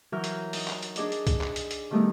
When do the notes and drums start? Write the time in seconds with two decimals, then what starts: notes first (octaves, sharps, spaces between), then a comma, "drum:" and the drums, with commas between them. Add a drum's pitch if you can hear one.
0.12 E3 F#3 E4 A#4 F6 G6
0.24 drum: hi-hat
0.53 D#4, drum: open hi-hat
0.68 drum: clap
0.83 drum: hi-hat
0.96 D4 G#4 D5 D#5, drum: hi-hat
1.12 drum: hi-hat
1.27 drum: kick, hi-hat
1.41 drum: clap
1.56 drum: hi-hat
1.71 drum: hi-hat
1.91 D#3 G3 A3 B3 D#4 E4